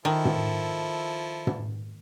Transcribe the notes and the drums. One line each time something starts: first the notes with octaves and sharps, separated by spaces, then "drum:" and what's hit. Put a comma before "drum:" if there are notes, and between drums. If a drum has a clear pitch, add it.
D#3 F3 E4 A4
drum: tom
drum: tom